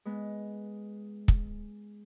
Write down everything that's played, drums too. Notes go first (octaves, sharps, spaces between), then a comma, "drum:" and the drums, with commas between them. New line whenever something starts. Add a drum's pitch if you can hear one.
G#3 B3
drum: kick